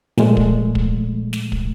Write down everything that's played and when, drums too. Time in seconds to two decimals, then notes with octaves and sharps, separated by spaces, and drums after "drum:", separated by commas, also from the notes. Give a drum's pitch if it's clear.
0.18 A#2 F3 G#3 A3, drum: snare
0.37 drum: kick
0.75 drum: kick
1.33 drum: snare
1.52 drum: kick